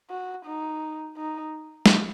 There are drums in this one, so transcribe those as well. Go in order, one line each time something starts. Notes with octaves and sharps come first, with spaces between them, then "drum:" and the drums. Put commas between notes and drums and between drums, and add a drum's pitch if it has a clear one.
F#4
D#4
D#4
drum: snare